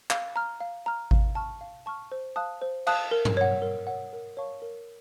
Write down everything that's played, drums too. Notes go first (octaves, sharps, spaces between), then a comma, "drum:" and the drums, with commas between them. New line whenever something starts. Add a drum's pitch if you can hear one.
F5, drum: clap
A#5 F6
F5
A#5 F6
F5, drum: kick G#1
A5 C#6 F6
F5
A5 C#6 F6
C5
F5 A5 D#6 F#6
C5
F5 A5 D#6 F#6, drum: cymbal
A#4
drum: tom G2
C#5 F#5
A#4
C#5 F#5
A#4
C#5 F5 A5 C#6
A#4